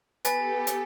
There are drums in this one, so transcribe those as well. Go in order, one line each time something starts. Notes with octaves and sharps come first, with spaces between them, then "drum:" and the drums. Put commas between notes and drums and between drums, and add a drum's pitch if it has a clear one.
B3 G4 A4 B4 G#5 A6 B6, drum: hi-hat
drum: hi-hat